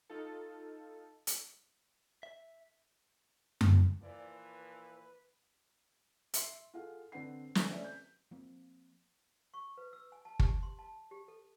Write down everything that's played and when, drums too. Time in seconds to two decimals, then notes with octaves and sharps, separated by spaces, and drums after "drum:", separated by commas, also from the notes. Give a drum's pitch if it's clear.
0.10 D#4 F4 A4
1.27 drum: hi-hat
2.23 E5
3.61 drum: tom F#2
4.02 A#2 E3 F3 D5
4.32 B4
6.34 E5 C6, drum: hi-hat
6.74 F4 G#4 A4 F5 F#5
7.12 D3 C4 D4 B4 F#5 C7
7.55 D3 G#5 B6, drum: snare
7.71 A3 C#4 D5 E5
7.84 G6
8.31 F3 A#3 C4
9.54 C#6
9.78 B4
9.93 E6
10.12 G#5
10.25 A5
10.40 G4, drum: kick
10.63 C6
10.79 A5
11.11 G4
11.28 A4